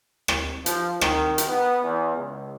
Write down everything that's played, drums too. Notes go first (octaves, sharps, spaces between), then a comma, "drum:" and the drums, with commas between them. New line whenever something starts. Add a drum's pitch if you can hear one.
drum: rim click
F3, drum: hi-hat
D#3, drum: rim click
drum: hi-hat
B3
E2
C#2